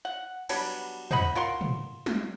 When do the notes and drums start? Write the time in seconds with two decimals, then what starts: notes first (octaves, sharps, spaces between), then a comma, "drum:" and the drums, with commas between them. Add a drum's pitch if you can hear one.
0.05 F#5
0.49 F#3 G3 B3 D4, drum: cymbal
1.11 C5 D#5 F#5 B5, drum: tom
1.35 F4 A#4 F#5 C6
1.61 drum: tom
2.06 drum: snare